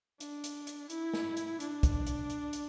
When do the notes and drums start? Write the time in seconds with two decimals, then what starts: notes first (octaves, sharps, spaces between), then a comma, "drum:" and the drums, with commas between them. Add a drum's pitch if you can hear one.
0.20 D4, drum: hi-hat
0.44 drum: hi-hat
0.67 drum: hi-hat
0.90 E4, drum: hi-hat
1.13 drum: snare
1.37 drum: hi-hat
1.60 D4, drum: hi-hat
1.83 drum: kick, hi-hat
2.06 drum: hi-hat
2.30 drum: hi-hat
2.53 drum: hi-hat